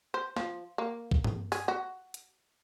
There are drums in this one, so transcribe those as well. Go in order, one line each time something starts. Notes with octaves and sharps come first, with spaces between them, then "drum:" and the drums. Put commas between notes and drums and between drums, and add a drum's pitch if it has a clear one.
C5
F3, drum: snare
A#3
drum: kick A#1
drum: tom G2
G#4, drum: open hi-hat
F#4
drum: hi-hat